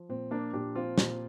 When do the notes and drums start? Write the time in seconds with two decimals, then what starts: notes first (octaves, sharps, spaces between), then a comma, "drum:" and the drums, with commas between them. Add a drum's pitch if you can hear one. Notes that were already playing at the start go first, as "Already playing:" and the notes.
Already playing: F3
0.09 A#2 C4
0.31 F3 A#3 D4
0.53 A#2 D4 G4
0.75 F3 C4 F4
0.98 A#2, drum: snare